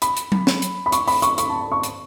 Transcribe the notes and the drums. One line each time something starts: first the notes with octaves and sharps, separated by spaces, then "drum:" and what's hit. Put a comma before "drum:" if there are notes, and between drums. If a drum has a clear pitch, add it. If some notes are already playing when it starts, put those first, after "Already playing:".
B5, drum: hi-hat
drum: hi-hat
drum: tom F#3
drum: snare
drum: hi-hat
B5
C#6, drum: hi-hat
B5, drum: open hi-hat
C#6, drum: hi-hat
C#6, drum: hi-hat
A5
B5
C#6
drum: hi-hat